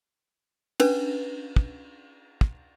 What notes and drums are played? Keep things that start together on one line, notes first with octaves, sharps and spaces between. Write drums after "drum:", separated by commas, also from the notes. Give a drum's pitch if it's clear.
C#4 D4 B4, drum: cymbal
drum: kick
drum: kick